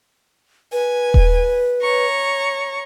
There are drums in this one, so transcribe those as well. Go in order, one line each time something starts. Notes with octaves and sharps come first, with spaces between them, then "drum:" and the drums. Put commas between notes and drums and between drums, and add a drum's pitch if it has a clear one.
B4 G#5
drum: kick D#1
C#5 A#5 C#6